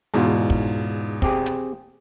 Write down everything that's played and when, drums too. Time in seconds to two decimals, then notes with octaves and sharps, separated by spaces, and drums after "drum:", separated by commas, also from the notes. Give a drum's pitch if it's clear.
0.14 E2 G#2 B2 F4
0.50 drum: kick
1.22 C4 G4 G#4, drum: kick
1.46 drum: hi-hat